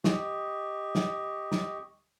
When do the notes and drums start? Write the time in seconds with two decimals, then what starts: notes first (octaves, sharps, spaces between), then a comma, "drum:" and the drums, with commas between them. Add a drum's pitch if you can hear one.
0.04 G4 D#5 C#6, drum: snare
0.95 drum: snare
1.52 drum: snare